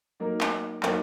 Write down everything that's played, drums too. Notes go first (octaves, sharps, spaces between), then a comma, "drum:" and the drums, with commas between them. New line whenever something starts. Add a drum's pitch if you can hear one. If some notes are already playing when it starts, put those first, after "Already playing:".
F#3 A#3 D#4 A#4
drum: clap
F#3 A#3 D#4 A#4, drum: clap